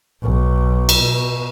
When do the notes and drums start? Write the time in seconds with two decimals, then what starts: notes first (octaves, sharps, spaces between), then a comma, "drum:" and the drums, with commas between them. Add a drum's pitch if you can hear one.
0.23 B1
0.89 drum: cymbal
1.03 B2